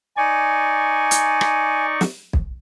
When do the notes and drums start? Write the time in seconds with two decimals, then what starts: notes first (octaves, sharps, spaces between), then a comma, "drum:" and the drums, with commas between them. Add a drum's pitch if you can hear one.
0.17 D#4 D5 G#5 C#6
1.11 drum: hi-hat
1.41 drum: rim click
2.01 drum: snare
2.33 drum: kick B1